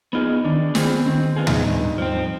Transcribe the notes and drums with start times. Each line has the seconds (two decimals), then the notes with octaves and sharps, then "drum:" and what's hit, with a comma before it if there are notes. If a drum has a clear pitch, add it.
0.13 B3 D#4 F4 G#4
0.44 D#3 D4
0.75 B3 C4 F4 G#4, drum: snare
1.05 D#3 C4
1.36 B3 F4 G#4
1.47 D#4, drum: tom
1.67 G2
1.98 F3 C4